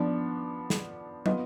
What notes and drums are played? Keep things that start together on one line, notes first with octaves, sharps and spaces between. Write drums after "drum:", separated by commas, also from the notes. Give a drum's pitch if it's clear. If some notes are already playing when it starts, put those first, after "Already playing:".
Already playing: F3 B3 D4
drum: snare
B3 F4 B4 D#5, drum: tom